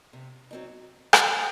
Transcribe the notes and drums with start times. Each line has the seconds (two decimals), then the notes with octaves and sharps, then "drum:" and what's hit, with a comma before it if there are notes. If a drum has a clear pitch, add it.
0.13 C3
0.51 F#3 C4 D#4
1.13 drum: rim click